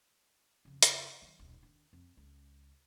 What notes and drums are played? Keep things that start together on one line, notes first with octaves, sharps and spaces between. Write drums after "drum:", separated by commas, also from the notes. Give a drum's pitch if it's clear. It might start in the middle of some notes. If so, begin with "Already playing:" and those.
F2 C#3
drum: hi-hat
D#3 F#3
D#1 B1
D#3 D4
F2
C#2